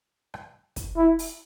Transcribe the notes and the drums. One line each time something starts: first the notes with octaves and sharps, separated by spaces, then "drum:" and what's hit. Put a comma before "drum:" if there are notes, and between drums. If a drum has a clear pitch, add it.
drum: rim click
drum: kick, hi-hat
E4
drum: open hi-hat